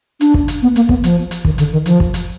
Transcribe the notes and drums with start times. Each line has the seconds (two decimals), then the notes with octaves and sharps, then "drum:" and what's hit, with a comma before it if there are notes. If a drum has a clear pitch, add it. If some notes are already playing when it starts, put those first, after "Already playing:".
0.21 D4, drum: hi-hat
0.34 drum: kick
0.48 drum: hi-hat
0.62 B3
0.76 A#3, drum: hi-hat
0.89 B3, drum: kick
1.04 F3, drum: hi-hat
1.31 drum: hi-hat
1.45 D#3, drum: kick
1.58 D3, drum: hi-hat
1.72 D#3
1.86 F3, drum: hi-hat
2.00 drum: kick
2.14 drum: hi-hat